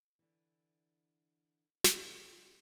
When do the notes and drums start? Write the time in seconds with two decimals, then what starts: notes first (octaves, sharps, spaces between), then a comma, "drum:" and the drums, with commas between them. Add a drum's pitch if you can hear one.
0.19 D3 E3
1.84 drum: snare